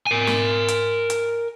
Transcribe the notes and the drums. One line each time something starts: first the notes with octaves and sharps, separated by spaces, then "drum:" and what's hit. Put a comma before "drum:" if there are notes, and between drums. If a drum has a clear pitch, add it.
A#4 G#5
drum: snare
drum: hi-hat
drum: hi-hat